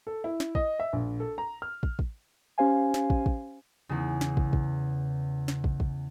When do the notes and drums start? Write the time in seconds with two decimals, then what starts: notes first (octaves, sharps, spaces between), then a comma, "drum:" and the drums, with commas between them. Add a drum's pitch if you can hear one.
0.07 A4
0.24 E4
0.40 drum: snare
0.55 D#5, drum: kick
0.80 E5
0.93 A#1
1.20 A4
1.38 A#5
1.62 F6
1.83 drum: kick
1.99 drum: kick
2.58 C#4 G4 C5 F5 G#5
2.94 drum: snare
3.10 drum: kick
3.26 drum: kick
3.89 E2 C#3
4.21 drum: snare
4.37 drum: kick
4.53 drum: kick
5.48 drum: snare
5.64 drum: kick
5.80 drum: kick